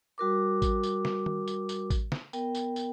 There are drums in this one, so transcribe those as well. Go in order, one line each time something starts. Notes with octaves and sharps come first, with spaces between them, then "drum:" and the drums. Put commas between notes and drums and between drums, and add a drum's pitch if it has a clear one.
G3 F#4 A#4 D6
drum: kick A1, tambourine
drum: tambourine
drum: snare
drum: tom D#3
drum: tambourine
drum: tambourine
drum: kick A1, tambourine
drum: snare
B3 A#4 G5, drum: tambourine
drum: tambourine
drum: tambourine